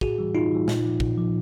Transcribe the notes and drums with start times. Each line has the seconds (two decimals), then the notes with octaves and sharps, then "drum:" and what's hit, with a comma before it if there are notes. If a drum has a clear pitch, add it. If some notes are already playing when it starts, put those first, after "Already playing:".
0.01 A2 F#4 G#4, drum: kick
0.18 E3 G3
0.34 A2 D#4 F4
0.51 E3 G3
0.68 A#2, drum: snare
0.85 F3
1.00 A#2, drum: kick
1.17 F3